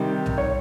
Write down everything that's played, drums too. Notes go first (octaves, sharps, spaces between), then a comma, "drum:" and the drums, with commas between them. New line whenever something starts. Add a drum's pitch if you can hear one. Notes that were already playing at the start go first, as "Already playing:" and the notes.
Already playing: C3 D#3 G3
drum: tom B1
C#5